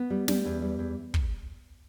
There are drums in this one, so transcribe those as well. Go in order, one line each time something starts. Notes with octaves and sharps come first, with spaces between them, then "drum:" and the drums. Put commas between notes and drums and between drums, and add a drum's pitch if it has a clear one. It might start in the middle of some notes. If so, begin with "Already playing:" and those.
Already playing: B3
G3
G3, drum: snare
E2
G3
E2
drum: kick